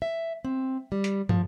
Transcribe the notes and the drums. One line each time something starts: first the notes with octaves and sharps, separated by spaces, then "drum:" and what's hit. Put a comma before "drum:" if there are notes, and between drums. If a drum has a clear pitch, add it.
E5
C4
G3
drum: hi-hat
F3, drum: tom